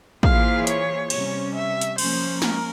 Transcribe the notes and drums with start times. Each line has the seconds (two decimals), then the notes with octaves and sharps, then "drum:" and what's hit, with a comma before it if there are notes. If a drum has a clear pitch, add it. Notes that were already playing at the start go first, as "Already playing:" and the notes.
0.23 E3 A#3 F4 G#4 C5 F5, drum: kick
0.67 C#5, drum: hi-hat
1.10 C3 G3 C#4 C#5, drum: cymbal
1.55 E5
1.81 drum: hi-hat
1.98 F3 A#3 C#4 C5, drum: cymbal
2.42 A#4, drum: snare